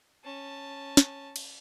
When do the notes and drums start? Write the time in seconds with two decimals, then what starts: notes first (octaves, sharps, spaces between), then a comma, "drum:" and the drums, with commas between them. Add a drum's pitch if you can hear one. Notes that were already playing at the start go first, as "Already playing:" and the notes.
0.24 C#4 A5
0.97 drum: snare
1.36 drum: cymbal